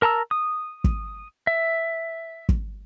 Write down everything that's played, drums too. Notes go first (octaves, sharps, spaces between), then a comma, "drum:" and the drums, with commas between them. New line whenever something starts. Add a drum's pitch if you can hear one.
A#4 A5 A#5 E6
D#6
drum: kick
E5
drum: kick